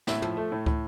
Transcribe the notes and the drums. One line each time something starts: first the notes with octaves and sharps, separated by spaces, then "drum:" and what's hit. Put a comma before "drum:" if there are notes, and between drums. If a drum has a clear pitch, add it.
A2 E5, drum: snare
F3, drum: tom
A3
A2
A2, drum: kick